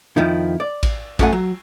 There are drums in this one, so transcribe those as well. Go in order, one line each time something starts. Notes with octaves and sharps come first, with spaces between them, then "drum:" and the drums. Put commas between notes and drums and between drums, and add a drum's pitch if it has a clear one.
F2 D#3 F3 E4
D5
drum: kick A1, cymbal
F#2 F#3 A3 G4 F#5 G#5, drum: kick A1, cymbal
F#3